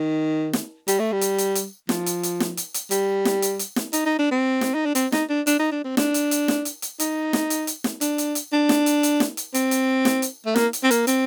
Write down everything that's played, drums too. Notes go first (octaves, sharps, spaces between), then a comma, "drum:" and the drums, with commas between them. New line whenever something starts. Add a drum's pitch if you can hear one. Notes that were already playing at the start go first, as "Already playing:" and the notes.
Already playing: D#3
drum: snare
G3, drum: hi-hat
A3
G3
drum: hi-hat
drum: hi-hat
drum: hi-hat
F3, drum: snare
drum: hi-hat
drum: hi-hat
drum: snare
drum: hi-hat
drum: hi-hat
G3, drum: hi-hat
drum: snare
drum: hi-hat
drum: hi-hat
drum: snare
D#4, drum: hi-hat
D#4
D4
C4
drum: snare
D#4
D4
C4, drum: hi-hat
D#4, drum: snare
D4
D4, drum: hi-hat
D#4
D4
C4
D4, drum: snare
drum: hi-hat
drum: hi-hat
drum: snare
drum: hi-hat
drum: hi-hat
D#4, drum: hi-hat
drum: snare
drum: hi-hat
drum: hi-hat
drum: snare
D4, drum: hi-hat
drum: hi-hat
drum: hi-hat
D4
drum: snare
drum: hi-hat
drum: hi-hat
drum: snare
drum: hi-hat
C4, drum: hi-hat
drum: hi-hat
drum: snare
drum: hi-hat
A3
A#3, drum: snare
drum: hi-hat
C4
A#3, drum: hi-hat
C4, drum: hi-hat